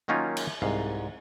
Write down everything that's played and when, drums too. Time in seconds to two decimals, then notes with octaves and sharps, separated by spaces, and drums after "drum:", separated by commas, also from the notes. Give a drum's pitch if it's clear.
0.08 D#3 F#3 A#3 C#4 D#4 F4
0.37 drum: cymbal
0.62 C2 G#2 F5